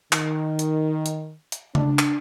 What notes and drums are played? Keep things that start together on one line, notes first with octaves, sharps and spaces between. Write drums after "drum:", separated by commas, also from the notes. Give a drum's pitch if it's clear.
D#3, drum: clap
drum: hi-hat
drum: hi-hat
drum: hi-hat
D4, drum: tom C#3
drum: clap